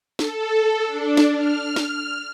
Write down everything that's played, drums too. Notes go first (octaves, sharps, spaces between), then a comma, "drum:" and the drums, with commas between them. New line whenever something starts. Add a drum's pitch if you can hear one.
A4, drum: snare D4
D4
drum: snare D4
F6
drum: snare D4